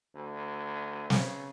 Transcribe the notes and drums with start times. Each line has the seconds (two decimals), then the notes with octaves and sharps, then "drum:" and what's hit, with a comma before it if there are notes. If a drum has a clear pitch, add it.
0.15 D2
1.10 C#3, drum: snare